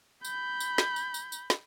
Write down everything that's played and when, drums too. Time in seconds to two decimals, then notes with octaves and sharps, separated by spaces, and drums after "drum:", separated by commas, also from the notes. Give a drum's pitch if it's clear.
0.25 B5 G6, drum: tambourine
0.60 drum: tambourine
0.78 drum: snare
0.96 drum: tambourine
1.14 drum: tambourine
1.32 drum: tambourine
1.50 drum: snare